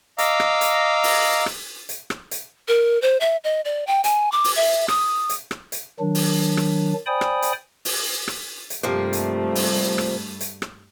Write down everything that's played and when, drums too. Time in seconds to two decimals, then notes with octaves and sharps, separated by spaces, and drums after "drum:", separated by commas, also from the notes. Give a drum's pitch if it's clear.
0.18 D#5 F5 A#5 D6 E6, drum: hi-hat
0.40 drum: rim click
0.61 drum: hi-hat
1.04 drum: open hi-hat
1.46 drum: rim click
1.89 drum: hi-hat
2.10 drum: rim click
2.31 drum: hi-hat
2.68 A#4
3.02 C5
3.20 E5
3.44 D#5
3.65 D5
3.87 G5
4.04 G#5, drum: hi-hat
4.32 D6
4.44 drum: open hi-hat
4.56 E5
4.88 D#6, drum: rim click
5.29 drum: hi-hat
5.51 drum: rim click
5.72 drum: hi-hat
6.00 D#3 F#3 D4
6.15 drum: open hi-hat
6.57 drum: rim click
7.06 C5 D5 G5 G#5 B5 D#6
7.21 drum: rim click
7.42 drum: hi-hat
7.85 drum: open hi-hat
8.28 drum: rim click
8.70 drum: hi-hat
8.83 G2 C3 F3 G3 A3 A#3
9.13 drum: hi-hat
9.55 drum: open hi-hat
9.98 drum: rim click
10.41 drum: hi-hat
10.62 drum: rim click